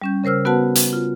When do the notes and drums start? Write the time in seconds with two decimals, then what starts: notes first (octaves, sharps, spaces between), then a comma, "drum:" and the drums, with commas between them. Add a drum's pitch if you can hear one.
0.02 G3 C#4 G6
0.24 C#3 A#4 C5 E6 F6
0.45 B3 F#4 B4 F#5 A5
0.75 drum: hi-hat
0.93 F4